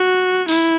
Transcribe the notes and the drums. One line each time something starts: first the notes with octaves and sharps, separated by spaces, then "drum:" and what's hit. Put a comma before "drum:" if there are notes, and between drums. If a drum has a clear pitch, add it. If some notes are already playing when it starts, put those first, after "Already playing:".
Already playing: F#4
E4, drum: open hi-hat